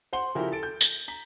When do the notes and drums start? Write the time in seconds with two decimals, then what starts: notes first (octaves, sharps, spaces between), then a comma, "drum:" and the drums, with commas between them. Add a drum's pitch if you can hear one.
0.13 C5 F#5 C6 G7
0.35 C#3 F3 E4 F#4 G4 A#4
0.52 A4 A6 D7
0.63 G6
0.81 drum: tambourine
1.08 A#5 B6